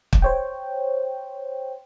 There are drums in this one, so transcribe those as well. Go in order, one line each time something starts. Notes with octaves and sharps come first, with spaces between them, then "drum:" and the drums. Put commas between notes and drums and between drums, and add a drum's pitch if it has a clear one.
drum: kick
C5 C#5 G5